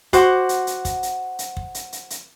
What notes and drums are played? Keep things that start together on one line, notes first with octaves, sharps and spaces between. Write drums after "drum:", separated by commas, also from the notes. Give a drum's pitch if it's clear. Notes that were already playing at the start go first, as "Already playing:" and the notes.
F#4 C5 F#5 D6, drum: kick, hi-hat
drum: hi-hat
drum: hi-hat
drum: kick, hi-hat
drum: hi-hat
drum: hi-hat
drum: kick
drum: hi-hat
drum: hi-hat
drum: hi-hat